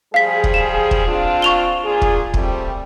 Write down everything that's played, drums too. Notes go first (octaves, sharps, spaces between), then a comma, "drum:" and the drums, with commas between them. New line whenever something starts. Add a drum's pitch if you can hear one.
F3 G3 G#4 F5 B6
drum: kick
E7
drum: kick
C4 D4 F4
C#6 F7 G7
A#2 F4 G#4
drum: kick
G3 A3 C4, drum: kick